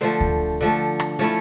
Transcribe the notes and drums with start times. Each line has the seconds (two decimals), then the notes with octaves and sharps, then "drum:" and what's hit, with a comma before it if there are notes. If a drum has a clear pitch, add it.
0.01 D3 F3 A3 C5
0.21 drum: kick D2
0.61 D3 F3 A3
1.00 drum: rim click
1.19 F3 A3 C#4 E4 C#5